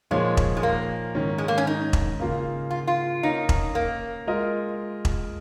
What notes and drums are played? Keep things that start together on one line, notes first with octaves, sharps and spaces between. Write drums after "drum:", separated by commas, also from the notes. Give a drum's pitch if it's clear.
A#2 F3 G#3 A#3 D#4 C#5
drum: kick E1
G#3
A#3
G#2 D#3 C#4
G#3
A#3
C#4
D#4
drum: kick E1
C#3 A#3 F4
F4
F4
A#3 C#4 D#4 A#4 F5
drum: kick E1
A#3
G#3 F4 A#4 D#5
drum: kick E1